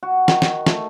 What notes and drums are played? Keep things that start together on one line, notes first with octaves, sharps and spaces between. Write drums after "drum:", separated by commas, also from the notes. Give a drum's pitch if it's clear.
F#4
D#3, drum: snare
drum: snare
A3, drum: snare